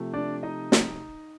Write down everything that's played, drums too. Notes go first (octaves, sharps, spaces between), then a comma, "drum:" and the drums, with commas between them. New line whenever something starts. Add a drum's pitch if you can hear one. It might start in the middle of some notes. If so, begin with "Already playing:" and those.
Already playing: C3 F3 A3
D4 D5
D#4 D#5
drum: snare